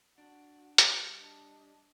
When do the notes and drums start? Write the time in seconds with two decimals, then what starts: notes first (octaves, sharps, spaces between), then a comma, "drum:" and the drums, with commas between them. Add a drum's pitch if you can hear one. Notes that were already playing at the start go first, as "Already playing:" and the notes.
0.18 D4 F#4
0.78 G3, drum: hi-hat
1.15 D4 D#5